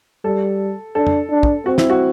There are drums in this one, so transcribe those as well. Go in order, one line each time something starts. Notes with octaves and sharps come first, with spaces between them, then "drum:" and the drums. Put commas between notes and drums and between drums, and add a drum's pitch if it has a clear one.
G3 A4
D4 A4
drum: tom
D4
drum: kick
C4 F#4
E4, drum: snare
F#4